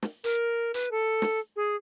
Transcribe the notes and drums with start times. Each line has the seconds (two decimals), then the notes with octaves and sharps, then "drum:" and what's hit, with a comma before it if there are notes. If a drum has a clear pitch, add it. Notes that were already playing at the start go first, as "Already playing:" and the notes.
0.03 drum: snare
0.24 A#4, drum: hi-hat
0.74 B4, drum: hi-hat
0.91 A4
1.22 drum: snare
1.56 G#4